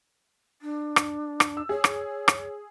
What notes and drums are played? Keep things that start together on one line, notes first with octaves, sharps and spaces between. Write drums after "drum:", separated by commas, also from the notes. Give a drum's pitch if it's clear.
D4
drum: rim click
drum: rim click
E6
G#4 C#5
drum: rim click
drum: rim click